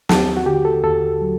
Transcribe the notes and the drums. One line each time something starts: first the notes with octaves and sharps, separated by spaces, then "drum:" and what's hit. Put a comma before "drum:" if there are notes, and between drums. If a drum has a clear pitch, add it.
D#2 A5, drum: snare
F#4
D3 G4
A4
D#2 A4
F#3